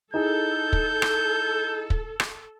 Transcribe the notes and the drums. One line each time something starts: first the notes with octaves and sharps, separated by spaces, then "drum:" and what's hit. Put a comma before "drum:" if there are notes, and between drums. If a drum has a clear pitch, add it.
D#4 E4 G#4 A4 G6
drum: kick
drum: rim click
drum: kick
drum: rim click